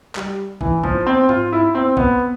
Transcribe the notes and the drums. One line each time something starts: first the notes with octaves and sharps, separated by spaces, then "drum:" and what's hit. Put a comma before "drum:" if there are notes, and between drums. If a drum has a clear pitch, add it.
G3, drum: clap
E3, drum: kick
F3, drum: kick
C4
F4, drum: tom G#2
E4
C4
B3, drum: kick